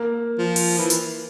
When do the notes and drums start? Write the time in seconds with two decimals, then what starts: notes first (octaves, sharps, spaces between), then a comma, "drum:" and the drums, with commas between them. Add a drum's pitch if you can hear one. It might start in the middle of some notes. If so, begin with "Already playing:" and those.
Already playing: A#3
0.38 F3
0.56 drum: open hi-hat
0.78 E3
0.90 drum: hi-hat